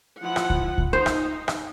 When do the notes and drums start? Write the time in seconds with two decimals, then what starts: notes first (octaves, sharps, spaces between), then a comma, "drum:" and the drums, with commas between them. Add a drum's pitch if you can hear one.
0.22 F3 E4 F#5
0.36 drum: rim click
0.50 drum: kick C#2
0.78 drum: kick C#2
0.93 D#4 C5
1.06 drum: rim click
1.48 drum: rim click